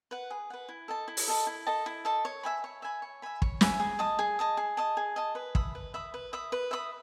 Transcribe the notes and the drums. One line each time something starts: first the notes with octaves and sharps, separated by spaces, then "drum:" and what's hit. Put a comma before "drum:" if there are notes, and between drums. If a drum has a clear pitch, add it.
B4 F#5
G#4
B4 F#5
E4
A4 D#5 A5
E4
drum: open hi-hat
A4 D#5 A5
E4
A4 D#5 A5
E4
A4 D#5 A5
C#5
E5 G#5 B5
C#5
E5 G#5 B5
C#5
E5 G#5 B5
C#5, drum: kick
E5 G#5 B5, drum: snare
G#4
D#5 A5 D#6
G#4
D#5 A5 D#6
G#4
D#5 A5 D#6
G#4
D#5 A5 D#6
B4
E5 B5 D#6, drum: kick
B4
E5 B5 D#6
B4
E5 B5 D#6
B4
E5 B5 D#6